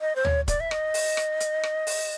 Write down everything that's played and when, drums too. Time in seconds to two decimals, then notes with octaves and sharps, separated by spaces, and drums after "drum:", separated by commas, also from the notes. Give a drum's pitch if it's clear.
0.01 D#5
0.16 C5
0.25 C#5, drum: tom
0.48 D5, drum: kick, hi-hat
0.60 E5
0.71 D#5, drum: rim click
0.94 drum: open hi-hat
1.17 drum: rim click
1.40 drum: hi-hat
1.63 drum: rim click
1.87 drum: open hi-hat